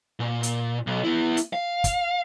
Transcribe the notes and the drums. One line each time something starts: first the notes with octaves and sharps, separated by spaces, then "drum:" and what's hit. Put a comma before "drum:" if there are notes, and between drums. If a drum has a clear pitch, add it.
A#2
drum: hi-hat
B1
B3 E4
drum: hi-hat
F5
drum: kick, hi-hat